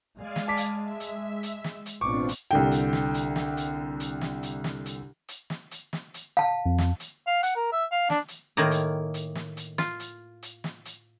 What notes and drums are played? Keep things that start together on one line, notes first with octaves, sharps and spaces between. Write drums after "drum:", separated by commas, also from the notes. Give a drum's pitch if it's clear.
G#3 D5 F5 G#5
drum: snare
A5 D6 B6
drum: hi-hat
E5
drum: hi-hat
drum: hi-hat
drum: snare
drum: hi-hat
A1 B2 C4 D4 F4 C#6 D6
drum: hi-hat
C2 D3 G5
drum: hi-hat
drum: snare
drum: hi-hat
drum: snare
drum: hi-hat
drum: hi-hat
drum: snare
drum: hi-hat
drum: snare
drum: hi-hat
drum: hi-hat
drum: snare
drum: hi-hat
drum: snare
drum: hi-hat
F5 A5
F2
drum: snare
drum: hi-hat
F5
F#5, drum: hi-hat
A#4
E5
F5
D4, drum: snare
drum: hi-hat
A2 D#3 A#3 G#5 A#5
drum: hi-hat
drum: hi-hat
drum: snare
drum: hi-hat
F4, drum: snare
drum: hi-hat
drum: hi-hat
drum: snare
drum: hi-hat